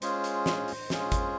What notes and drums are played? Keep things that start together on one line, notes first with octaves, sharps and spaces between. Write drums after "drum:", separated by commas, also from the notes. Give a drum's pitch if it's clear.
G#3 C#4 F4 G#4 C5, drum: hi-hat
drum: hi-hat
drum: snare
drum: open hi-hat
G#3 C#4 F4 G#4, drum: snare
drum: kick G#1, hi-hat